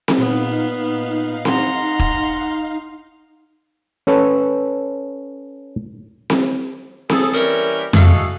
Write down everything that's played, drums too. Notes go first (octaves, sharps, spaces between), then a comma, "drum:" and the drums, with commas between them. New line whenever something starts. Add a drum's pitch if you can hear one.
drum: snare C4
A#2 B3 D#4 F5
F#5 A#5 C6, drum: snare C4
drum: kick E1
C#4 A4 B4 C#5 A5
drum: snare C4
G#4 A4, drum: snare C4
E3 G3 A#3 C#4 A#4, drum: hi-hat
E4 F#4 G#4 A4 D#5 F5, drum: tom F2